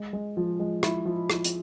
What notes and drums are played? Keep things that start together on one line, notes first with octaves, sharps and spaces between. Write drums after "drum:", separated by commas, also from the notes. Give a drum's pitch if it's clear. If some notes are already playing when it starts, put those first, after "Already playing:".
Already playing: G#3
G#3
F3
G#3
E4, drum: rim click
F3
E4, drum: rim click
drum: hi-hat